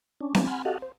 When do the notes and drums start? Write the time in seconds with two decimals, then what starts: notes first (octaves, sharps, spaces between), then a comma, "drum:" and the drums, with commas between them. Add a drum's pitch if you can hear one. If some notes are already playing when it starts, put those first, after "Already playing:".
0.21 C#4 D4
0.35 F3 G#3 B3 D4, drum: snare C4
0.47 F#5 G#5 B5 C6 F6
0.65 F#4 G4 A4 D#5 F5 F#5
0.82 C5